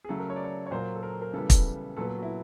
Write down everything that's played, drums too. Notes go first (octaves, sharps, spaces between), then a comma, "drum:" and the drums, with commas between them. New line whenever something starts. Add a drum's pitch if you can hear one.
G#4
C#3 F#3 A3 A4
A#4
C#5
D5
C#5
C#5
A#2 F#3 A#3 C5
A4
A#4
A#4
C#3 E3 G3 B3 A4
drum: kick, hi-hat
A#2 F#3 B3 A4
A4
E4 F#4